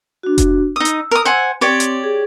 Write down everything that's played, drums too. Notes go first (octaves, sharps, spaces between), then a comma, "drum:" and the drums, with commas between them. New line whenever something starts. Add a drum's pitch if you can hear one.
D4 F#4
drum: kick F1, hi-hat
D#4 D#6 E6
drum: hi-hat
A#4 D#6
C5 F#5 G#5
C4 G4 C#5 D5
drum: hi-hat
G#4